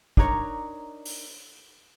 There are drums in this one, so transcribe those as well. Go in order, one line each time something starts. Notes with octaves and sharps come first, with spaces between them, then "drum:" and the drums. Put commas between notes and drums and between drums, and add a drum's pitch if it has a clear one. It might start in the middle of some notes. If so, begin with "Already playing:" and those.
D4 D#4 A#4 C#5, drum: kick
drum: open hi-hat